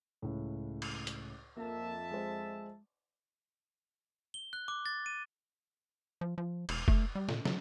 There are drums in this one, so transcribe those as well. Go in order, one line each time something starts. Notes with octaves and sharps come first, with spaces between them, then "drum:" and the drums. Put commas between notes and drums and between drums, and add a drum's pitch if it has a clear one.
C#2 A2
drum: cymbal
drum: hi-hat
F2 A#3 A#4 E5 A5
G#3 C5
G7
F#6
D6
A6
D#7
F3
F3
E1, drum: cymbal
A3, drum: kick F1
G3
A#2, drum: snare
F#3, drum: snare